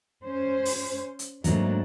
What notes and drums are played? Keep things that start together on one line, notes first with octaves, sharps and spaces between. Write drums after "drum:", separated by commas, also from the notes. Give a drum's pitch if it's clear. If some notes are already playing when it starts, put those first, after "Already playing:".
C#4 C5
drum: open hi-hat
drum: hi-hat
G#2 F#3 A3 A#3 D4, drum: hi-hat